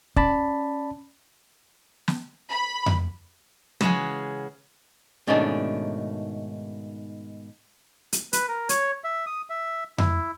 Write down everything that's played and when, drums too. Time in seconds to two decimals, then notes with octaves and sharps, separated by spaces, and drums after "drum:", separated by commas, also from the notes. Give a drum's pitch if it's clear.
0.16 C#4 D5 A5 B5, drum: kick
2.08 drum: snare
2.51 B5
2.86 drum: tom F2
3.81 C#3 E3 G#3 C#4 F#4 G#4, drum: tom
5.27 G#2 B2 D#3 A3 C#4 D4
8.13 drum: hi-hat
8.33 B4, drum: hi-hat
8.48 A#4
8.69 C#5, drum: hi-hat
9.04 E5
9.26 D#6
9.50 E5
9.98 E4, drum: tom F2